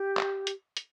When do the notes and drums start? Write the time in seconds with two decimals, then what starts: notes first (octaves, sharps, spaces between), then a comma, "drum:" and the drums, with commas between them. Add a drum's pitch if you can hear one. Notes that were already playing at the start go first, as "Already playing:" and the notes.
Already playing: G4
0.17 drum: clap
0.47 drum: hi-hat
0.77 drum: hi-hat